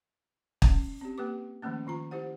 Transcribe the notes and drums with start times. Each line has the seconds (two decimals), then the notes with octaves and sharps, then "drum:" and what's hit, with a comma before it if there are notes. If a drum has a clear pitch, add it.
0.62 C#4, drum: kick
1.01 C4 G4
1.18 A#3 G4 B4 D6
1.62 D#3 F3 A3 A#3 C#4
1.87 D#3 F4 A#5
2.11 E4 G4 C5 F#5